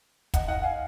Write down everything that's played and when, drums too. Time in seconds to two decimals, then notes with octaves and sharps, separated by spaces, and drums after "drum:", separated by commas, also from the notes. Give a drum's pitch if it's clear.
0.34 D#5 F#5, drum: kick, hi-hat
0.48 D#5 F#5
0.63 F5 G#5